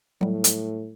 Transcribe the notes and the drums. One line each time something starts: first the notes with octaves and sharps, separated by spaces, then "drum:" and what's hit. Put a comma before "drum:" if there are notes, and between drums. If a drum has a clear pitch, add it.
A2 F#3 G3
drum: hi-hat